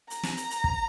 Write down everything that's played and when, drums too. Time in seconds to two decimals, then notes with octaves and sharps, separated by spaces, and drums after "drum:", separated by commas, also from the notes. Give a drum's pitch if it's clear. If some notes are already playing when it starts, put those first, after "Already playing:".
0.10 A#5, drum: hi-hat
0.23 drum: snare
0.37 drum: hi-hat
0.50 drum: hi-hat
0.64 drum: kick